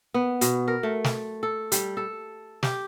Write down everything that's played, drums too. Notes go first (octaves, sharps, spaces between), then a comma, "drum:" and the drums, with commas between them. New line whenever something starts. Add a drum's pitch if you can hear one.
B3
B2, drum: hi-hat
A#4
A3
drum: snare
A4
G3, drum: hi-hat
A4
G4, drum: snare